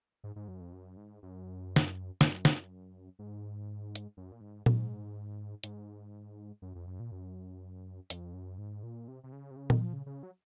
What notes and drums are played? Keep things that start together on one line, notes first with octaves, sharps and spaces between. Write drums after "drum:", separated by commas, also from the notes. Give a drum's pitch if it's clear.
G#2
G#2
F#2
F2
F#2
G#2
F#2
drum: snare
F#2, drum: snare
drum: snare
G#2
drum: hi-hat
F#2
A#2
G#2
G#2, drum: tom A#2
G#2, drum: hi-hat
F#2
F2
F#2
A#2
F#2
F2, drum: hi-hat
F#2
G#2
A#2
C3
C3
C#3
C3
C#3
D#3, drum: tom A#2
F3
C#3
C#3
F#3